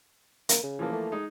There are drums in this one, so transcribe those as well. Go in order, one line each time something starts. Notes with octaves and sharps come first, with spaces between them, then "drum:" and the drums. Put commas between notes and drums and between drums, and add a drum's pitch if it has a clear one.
A#3, drum: hi-hat
C#3
E3 F3 A#3
A3
G#3 D#4